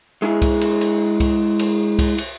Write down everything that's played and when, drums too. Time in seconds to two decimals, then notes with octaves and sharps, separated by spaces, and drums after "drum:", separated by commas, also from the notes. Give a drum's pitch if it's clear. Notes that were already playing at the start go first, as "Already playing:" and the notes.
0.22 G#3 E4 G#4
0.42 drum: kick C2, cymbal
0.61 drum: cymbal
0.81 drum: cymbal
1.20 drum: kick C2, cymbal
1.59 drum: cymbal
1.99 drum: kick C2, cymbal
2.18 drum: cymbal